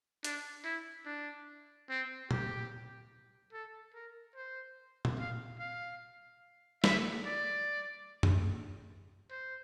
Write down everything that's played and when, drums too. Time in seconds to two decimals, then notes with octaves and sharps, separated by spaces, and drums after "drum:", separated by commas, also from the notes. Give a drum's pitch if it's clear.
0.24 D4, drum: hi-hat
0.65 E4
1.06 D4
1.89 C4
2.31 G4, drum: tom A#2
3.53 A4
3.94 A#4
4.36 C5
5.05 drum: tom A#2
5.19 F5
5.59 F5
6.84 E5, drum: snare
7.25 D5
8.23 drum: tom
9.31 C5